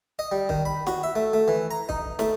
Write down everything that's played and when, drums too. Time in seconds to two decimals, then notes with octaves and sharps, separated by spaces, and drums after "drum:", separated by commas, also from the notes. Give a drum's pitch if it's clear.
0.19 D#5
0.32 G3
0.49 D#3, drum: kick
0.65 B5
0.87 F#4, drum: snare
1.03 E5
1.15 A3
1.33 A3
1.48 E3
1.71 A#5
1.89 D#4, drum: kick
2.19 A3, drum: snare